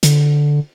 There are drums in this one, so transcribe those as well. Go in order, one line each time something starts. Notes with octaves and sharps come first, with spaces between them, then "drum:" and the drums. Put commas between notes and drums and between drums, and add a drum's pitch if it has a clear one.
D3, drum: hi-hat